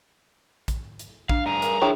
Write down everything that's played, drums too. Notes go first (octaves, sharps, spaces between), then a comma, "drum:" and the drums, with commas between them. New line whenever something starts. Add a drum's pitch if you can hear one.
drum: kick A#1, hi-hat
drum: hi-hat
D4 F5, drum: kick A#1
G2 G#4 A#5
A#4, drum: hi-hat
E3 F3 D4 E4 G#4 C#5 G5